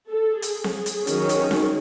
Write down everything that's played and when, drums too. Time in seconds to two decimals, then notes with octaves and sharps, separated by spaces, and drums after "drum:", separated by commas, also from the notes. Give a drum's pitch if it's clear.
0.10 A4
0.42 G#4, drum: hi-hat
0.64 drum: snare C4
0.86 drum: hi-hat
1.07 D#3 F#3 C#4, drum: hi-hat
1.29 drum: hi-hat
1.51 drum: snare C4